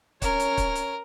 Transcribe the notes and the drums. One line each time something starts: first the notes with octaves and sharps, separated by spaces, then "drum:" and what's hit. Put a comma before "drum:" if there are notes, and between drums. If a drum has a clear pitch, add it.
C#4 A#4 C#5, drum: kick C#1, hi-hat
drum: hi-hat
drum: kick C#1, hi-hat
drum: hi-hat